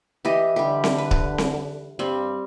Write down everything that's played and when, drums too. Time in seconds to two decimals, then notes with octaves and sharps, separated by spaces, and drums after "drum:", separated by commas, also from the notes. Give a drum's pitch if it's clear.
0.25 E3 G4 D#5
0.56 D3 G3 G4
0.84 drum: snare C4
0.98 B4
1.11 drum: kick C#1
1.38 drum: snare C4
1.99 G2 G3 C4